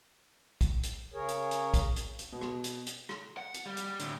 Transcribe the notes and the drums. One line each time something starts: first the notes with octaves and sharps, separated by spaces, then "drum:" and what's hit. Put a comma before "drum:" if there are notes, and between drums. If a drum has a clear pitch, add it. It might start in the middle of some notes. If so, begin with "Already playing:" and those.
drum: kick, hi-hat
drum: hi-hat
C#3 G#4 A#4 C#5
drum: hi-hat
drum: hi-hat
drum: kick, hi-hat
drum: hi-hat
drum: hi-hat
B2
drum: rim click
drum: hi-hat
drum: hi-hat
drum: rim click
F#5
drum: hi-hat
G3
drum: hi-hat
A2 D3, drum: hi-hat